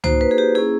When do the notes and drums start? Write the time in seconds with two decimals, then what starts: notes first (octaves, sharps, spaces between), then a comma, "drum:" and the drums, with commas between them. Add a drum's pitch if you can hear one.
0.04 A#3 D#4 F#4 C5, drum: tom
0.21 B4
0.31 G#4
0.38 G4
0.55 A#3 C#4 E4 G#4